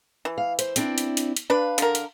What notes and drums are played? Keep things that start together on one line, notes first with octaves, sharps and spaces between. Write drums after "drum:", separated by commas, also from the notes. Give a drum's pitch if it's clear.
E3
F5
C5, drum: hi-hat
C4 D4 E4, drum: hi-hat
drum: hi-hat
drum: hi-hat
drum: hi-hat
D4 B4 F5
D3 A#4, drum: hi-hat
drum: hi-hat